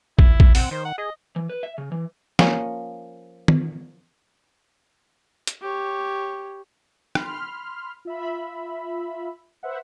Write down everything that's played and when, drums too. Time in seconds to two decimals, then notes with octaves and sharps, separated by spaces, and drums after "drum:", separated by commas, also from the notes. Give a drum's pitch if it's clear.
0.19 E4, drum: kick
0.40 drum: kick
0.55 C4 F#5, drum: open hi-hat
0.71 D#3 C5
0.85 F#5
0.98 G#4 D#5
1.36 E3
1.49 B4
1.63 E5
1.78 C#3
1.92 E3
2.39 F3 A#3 C#4, drum: snare
3.48 drum: tom
5.47 drum: hi-hat
5.62 G4 C#5
7.15 B5 C6 F6, drum: rim click
8.05 F4 E5 B5
9.63 B4 C5 E5 F#5